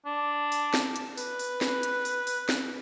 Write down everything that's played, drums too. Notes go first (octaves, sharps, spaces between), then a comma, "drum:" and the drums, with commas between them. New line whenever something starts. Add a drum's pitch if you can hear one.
D4
drum: open hi-hat
drum: snare
drum: hi-hat
B4, drum: open hi-hat
drum: open hi-hat
drum: snare
drum: hi-hat
drum: open hi-hat
drum: open hi-hat
drum: snare